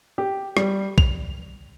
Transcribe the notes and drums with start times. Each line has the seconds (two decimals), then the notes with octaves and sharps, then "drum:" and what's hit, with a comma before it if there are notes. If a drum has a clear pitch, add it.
0.18 G4
0.57 G3, drum: rim click
0.98 F7, drum: kick